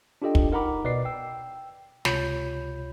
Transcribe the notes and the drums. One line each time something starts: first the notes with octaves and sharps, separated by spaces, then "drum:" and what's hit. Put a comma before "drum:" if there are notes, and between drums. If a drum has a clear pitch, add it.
D4 F4 G4 A4 D#5 G5
drum: kick
D#4 A#4 F#5 A#5 B5 D6
B2 B4 D5 D#5 D6 C7
G5 E6
C#2 C3 F4 C#5 B5 G6, drum: snare